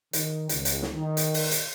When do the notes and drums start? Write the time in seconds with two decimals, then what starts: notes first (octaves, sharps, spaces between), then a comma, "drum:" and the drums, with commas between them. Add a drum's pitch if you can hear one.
0.13 D#3, drum: hi-hat
0.49 C#2, drum: hi-hat
0.65 drum: hi-hat
0.82 drum: snare
0.93 D#3
1.17 drum: hi-hat
1.34 drum: open hi-hat
1.51 drum: hi-hat